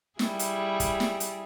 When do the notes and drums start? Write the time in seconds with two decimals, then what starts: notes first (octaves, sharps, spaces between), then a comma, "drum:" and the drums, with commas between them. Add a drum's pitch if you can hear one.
0.19 G3 E4 G#4, drum: snare
0.39 drum: hi-hat
0.80 drum: kick, hi-hat
1.00 drum: snare
1.20 drum: hi-hat